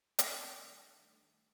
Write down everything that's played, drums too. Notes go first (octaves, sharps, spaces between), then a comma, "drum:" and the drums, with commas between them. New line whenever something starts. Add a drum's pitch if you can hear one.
D#3 G3 A3 D4, drum: hi-hat